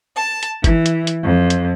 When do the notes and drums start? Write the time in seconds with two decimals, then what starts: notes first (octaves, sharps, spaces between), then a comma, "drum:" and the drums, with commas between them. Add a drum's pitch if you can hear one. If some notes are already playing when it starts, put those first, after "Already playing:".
0.16 A5
0.43 drum: hi-hat
0.64 E3, drum: kick G1, hi-hat
0.86 drum: hi-hat
1.07 drum: hi-hat
1.24 F2
1.50 drum: hi-hat